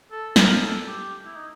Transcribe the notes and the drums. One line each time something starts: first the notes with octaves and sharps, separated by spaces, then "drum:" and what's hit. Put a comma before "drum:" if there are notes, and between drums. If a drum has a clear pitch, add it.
A4
A#4, drum: snare
A4
G4
E4
D#4